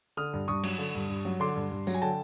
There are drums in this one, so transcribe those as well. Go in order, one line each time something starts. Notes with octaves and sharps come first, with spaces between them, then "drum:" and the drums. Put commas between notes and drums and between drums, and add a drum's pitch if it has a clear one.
D3 D#6 F6
G2
G2 C#6 D#6
F#3, drum: cymbal
D3
G2
G2
F#3
D3 C6 D6
G2
G2
F#3, drum: tambourine
G#5
D3 G5 A5